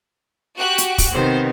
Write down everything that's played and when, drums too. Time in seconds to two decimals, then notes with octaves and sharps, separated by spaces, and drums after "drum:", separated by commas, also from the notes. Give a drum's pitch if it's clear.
0.58 F#4 G4 F#6
0.78 drum: hi-hat
0.98 drum: kick, open hi-hat
1.12 C3 D#3 B3 C5